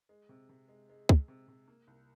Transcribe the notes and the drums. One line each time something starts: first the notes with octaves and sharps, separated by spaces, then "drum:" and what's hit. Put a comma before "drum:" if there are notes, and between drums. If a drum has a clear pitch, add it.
G#3
C3
C3
G#3
G#3
G#3, drum: kick
C3
C3
A#3
C2